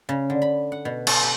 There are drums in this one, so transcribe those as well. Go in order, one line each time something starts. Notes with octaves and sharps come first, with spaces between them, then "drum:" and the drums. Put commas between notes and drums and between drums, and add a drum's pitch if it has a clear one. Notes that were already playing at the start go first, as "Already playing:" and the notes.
C#3
D3
B5
F#5
B2
A4, drum: cymbal
G4